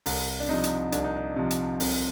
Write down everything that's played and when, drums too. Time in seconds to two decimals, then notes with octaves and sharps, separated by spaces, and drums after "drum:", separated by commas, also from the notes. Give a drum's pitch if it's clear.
0.06 C2, drum: open hi-hat
0.40 D4
0.49 C3 F3 D#4
0.64 drum: hi-hat
0.92 C2 D4, drum: hi-hat
1.04 D#4
1.16 D4
1.36 C3 F3
1.51 drum: hi-hat
1.80 C2 C4, drum: open hi-hat